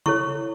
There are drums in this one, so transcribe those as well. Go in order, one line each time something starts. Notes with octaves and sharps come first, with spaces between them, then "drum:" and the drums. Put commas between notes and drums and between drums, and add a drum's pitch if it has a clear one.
E4 A4 C#5 C#6, drum: tom C3